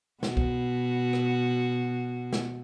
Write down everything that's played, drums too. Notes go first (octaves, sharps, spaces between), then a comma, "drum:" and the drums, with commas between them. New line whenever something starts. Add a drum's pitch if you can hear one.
B2 F#4, drum: snare
drum: kick B1
drum: rim click
drum: snare